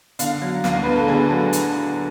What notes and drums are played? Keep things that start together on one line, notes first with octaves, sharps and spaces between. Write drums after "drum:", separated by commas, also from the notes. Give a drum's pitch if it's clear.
D3 F5, drum: hi-hat
F#3
D2 F5, drum: snare
D2 B4
A4
D3 G#4
F#3
drum: hi-hat